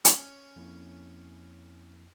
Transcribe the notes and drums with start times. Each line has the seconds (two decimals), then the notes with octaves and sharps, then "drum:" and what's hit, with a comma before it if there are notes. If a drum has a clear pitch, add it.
0.05 C#4, drum: hi-hat
0.56 F2 A#3 E4